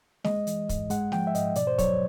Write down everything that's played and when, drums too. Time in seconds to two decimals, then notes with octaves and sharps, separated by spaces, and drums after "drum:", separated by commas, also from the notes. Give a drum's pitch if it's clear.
0.24 G#3 D#5, drum: snare
0.47 E3, drum: hi-hat
0.69 G#2, drum: kick, hi-hat
0.90 G#3 F#5, drum: hi-hat
1.12 F3 G5, drum: snare
1.27 E5
1.35 G#2 D#5, drum: hi-hat
1.55 B2 D5, drum: hi-hat
1.67 C5
1.78 F#3 C#5, drum: kick, hi-hat